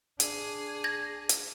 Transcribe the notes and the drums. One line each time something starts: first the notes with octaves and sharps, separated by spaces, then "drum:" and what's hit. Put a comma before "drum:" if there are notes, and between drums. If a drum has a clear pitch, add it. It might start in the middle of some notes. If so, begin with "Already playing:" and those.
D4 G#4, drum: hi-hat
G#6 A#6
drum: hi-hat